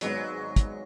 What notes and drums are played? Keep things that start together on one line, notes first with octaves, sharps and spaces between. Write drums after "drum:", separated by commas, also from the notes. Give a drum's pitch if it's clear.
G#1 G#2 F#3 G#3 B3, drum: hi-hat
drum: kick, hi-hat